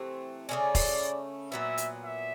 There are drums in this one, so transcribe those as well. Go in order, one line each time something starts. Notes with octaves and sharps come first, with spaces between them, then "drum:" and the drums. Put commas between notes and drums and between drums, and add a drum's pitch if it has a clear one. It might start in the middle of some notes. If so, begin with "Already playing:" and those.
Already playing: C3 E3 A3 C4
C#3 E3 A3 C#4 D5
drum: kick E1, open hi-hat
A#2 F#3 B3 E5
drum: hi-hat
E5